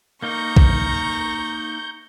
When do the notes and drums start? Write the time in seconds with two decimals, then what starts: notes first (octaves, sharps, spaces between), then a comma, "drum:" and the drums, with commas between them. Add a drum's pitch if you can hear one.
0.22 A#3 D#4 A#4 A#5 C#6 G6
0.57 drum: kick